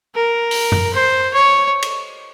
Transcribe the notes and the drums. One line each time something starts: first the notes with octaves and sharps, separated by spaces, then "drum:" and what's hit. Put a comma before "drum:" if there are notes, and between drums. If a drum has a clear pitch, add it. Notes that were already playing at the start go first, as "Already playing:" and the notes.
A#4
drum: open hi-hat
drum: tom F#2
C5
C#5
drum: cymbal